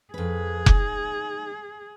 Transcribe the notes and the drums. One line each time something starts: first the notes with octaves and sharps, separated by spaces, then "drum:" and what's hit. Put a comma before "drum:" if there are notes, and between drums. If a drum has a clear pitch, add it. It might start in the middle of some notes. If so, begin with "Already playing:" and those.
F2 G#4 B4
D#4, drum: kick F1